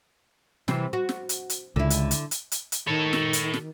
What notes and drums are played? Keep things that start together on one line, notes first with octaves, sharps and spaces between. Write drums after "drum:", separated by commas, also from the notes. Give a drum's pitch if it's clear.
C3 E3 C4, drum: snare
F#4
drum: snare
drum: hi-hat
drum: hi-hat
C#2 D3 E4
drum: hi-hat
drum: hi-hat
drum: hi-hat
drum: hi-hat
drum: hi-hat
D#3 A4 C#5
drum: snare
drum: hi-hat
drum: snare